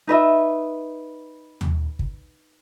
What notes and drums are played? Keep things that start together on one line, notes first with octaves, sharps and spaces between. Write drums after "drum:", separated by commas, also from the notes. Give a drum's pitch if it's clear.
D#4 B4 D#5 E5
drum: tom D#2
drum: kick